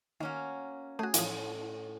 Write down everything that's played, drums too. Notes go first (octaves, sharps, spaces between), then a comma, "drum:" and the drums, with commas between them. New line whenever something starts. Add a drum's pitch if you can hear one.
D#3 A#3 C#4 F#4
A3 F#4 G#4
A2 E3 F3, drum: hi-hat